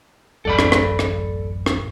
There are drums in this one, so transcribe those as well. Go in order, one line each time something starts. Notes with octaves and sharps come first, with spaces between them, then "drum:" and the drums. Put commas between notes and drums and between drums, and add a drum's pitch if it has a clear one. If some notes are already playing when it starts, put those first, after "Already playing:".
D1 A1 F#2 A4 D5 B5
drum: rim click
drum: rim click
drum: rim click
drum: rim click